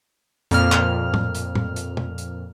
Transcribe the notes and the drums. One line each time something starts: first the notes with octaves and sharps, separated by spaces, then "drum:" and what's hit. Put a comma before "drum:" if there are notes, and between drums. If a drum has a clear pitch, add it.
F2 A#2 F6, drum: hi-hat
drum: clap
drum: tom A2
drum: hi-hat
drum: tom A2
drum: hi-hat
drum: tom
drum: hi-hat